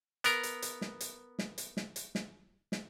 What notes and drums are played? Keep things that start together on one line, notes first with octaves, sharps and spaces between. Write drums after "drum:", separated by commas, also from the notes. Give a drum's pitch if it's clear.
B3 A#4, drum: hi-hat
drum: hi-hat
drum: hi-hat
drum: snare
drum: hi-hat
drum: snare
drum: hi-hat
drum: snare
drum: hi-hat
drum: snare
drum: snare